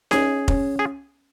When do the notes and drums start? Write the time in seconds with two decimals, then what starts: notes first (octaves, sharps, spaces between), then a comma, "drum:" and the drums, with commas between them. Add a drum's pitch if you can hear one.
0.11 C#4 G#4, drum: snare D#4
0.48 C#4, drum: kick F1
0.79 G#4